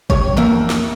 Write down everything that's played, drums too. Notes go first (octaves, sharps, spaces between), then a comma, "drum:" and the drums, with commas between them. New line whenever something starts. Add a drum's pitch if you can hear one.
G2 C3 F#3 C#5, drum: kick
F2 E3 A#3 A#4 E5
drum: snare